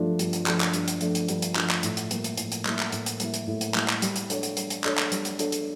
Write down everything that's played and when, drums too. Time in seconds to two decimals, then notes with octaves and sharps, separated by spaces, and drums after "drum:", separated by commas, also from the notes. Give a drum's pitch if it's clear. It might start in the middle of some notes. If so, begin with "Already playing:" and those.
Already playing: G2 F3 A3 D4 F4
0.19 G2, drum: hi-hat
0.33 drum: hi-hat
0.46 F3 A3 D4 F4, drum: clap
0.60 drum: clap
0.73 G2, drum: hi-hat
0.88 drum: hi-hat
1.01 F3 A3 D4 F4, drum: hi-hat
1.15 drum: hi-hat
1.28 G2, drum: hi-hat
1.42 drum: hi-hat
1.56 F3 A3 D4 F4, drum: clap
1.70 drum: clap
1.83 A2, drum: hi-hat
1.97 drum: hi-hat
2.11 G3 A#3 E4, drum: hi-hat
2.24 drum: hi-hat
2.37 A2, drum: hi-hat
2.52 drum: hi-hat
2.65 G3 A#3 E4, drum: clap
2.79 drum: clap
2.92 A2, drum: hi-hat
3.06 drum: hi-hat
3.20 G3 A#3 E4, drum: hi-hat
3.34 drum: hi-hat
3.47 A2
3.61 drum: hi-hat
3.75 G3 A#3 E4, drum: clap
3.88 drum: clap
4.02 G3, drum: hi-hat
4.16 drum: hi-hat
4.30 D4 A4 C#5, drum: hi-hat
4.43 drum: hi-hat
4.57 G3, drum: hi-hat
4.70 drum: hi-hat
4.84 D4 A4 C#5, drum: clap
4.98 drum: clap
5.12 G3, drum: hi-hat
5.25 drum: hi-hat
5.39 D4 A4 C#5, drum: hi-hat
5.52 drum: hi-hat